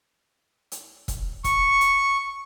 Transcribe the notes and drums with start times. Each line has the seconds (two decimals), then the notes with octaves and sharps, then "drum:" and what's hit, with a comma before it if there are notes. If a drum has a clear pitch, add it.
0.72 drum: hi-hat
1.08 drum: kick E1, hi-hat
1.44 C#6, drum: kick E1, hi-hat
1.81 drum: hi-hat